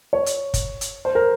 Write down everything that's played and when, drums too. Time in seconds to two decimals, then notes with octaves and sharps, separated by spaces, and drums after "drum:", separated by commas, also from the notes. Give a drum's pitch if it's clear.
0.13 C#5
0.26 drum: hi-hat
0.54 drum: kick, hi-hat
0.81 drum: hi-hat
1.05 C5
1.15 A#4